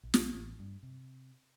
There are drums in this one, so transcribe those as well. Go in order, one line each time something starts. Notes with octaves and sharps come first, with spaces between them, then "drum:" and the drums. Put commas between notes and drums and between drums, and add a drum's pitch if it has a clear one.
A#1
drum: snare
A1
G2
C3